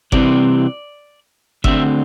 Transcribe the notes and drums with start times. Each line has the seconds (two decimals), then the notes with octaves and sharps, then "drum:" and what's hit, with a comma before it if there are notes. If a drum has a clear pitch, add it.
0.12 C2 C3 E3 C4 D5, drum: kick G1
1.64 D2 D3 C4 E5, drum: kick G1